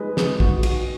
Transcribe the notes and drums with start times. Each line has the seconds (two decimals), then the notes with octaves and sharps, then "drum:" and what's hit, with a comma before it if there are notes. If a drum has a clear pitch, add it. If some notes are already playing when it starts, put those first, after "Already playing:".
Already playing: G#3 B4
0.17 G#3, drum: snare
0.40 F#4, drum: kick
0.63 F#4, drum: cymbal